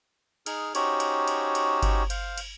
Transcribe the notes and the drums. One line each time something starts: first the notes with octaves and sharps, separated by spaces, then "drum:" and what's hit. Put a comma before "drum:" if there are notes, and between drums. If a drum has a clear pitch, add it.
D#4 G#4 F6, drum: cymbal
C#4 D#4 F#4 G4 C5 C#5, drum: cymbal
drum: cymbal
drum: cymbal
drum: cymbal
drum: kick G1, cymbal
C5 F5, drum: cymbal
drum: cymbal